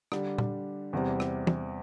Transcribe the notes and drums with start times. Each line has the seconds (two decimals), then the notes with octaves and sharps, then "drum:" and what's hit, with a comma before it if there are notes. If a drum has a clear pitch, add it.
0.12 D3 G3 D4, drum: rim click
0.38 drum: tom A#2
0.93 E2 C3 G3 C4
1.20 drum: rim click
1.47 drum: tom